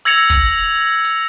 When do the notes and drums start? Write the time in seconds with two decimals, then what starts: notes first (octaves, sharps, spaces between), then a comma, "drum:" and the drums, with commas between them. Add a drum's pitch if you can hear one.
0.05 E6 G#6 A#6 C#7 F7 F#7
0.30 drum: kick
1.05 drum: hi-hat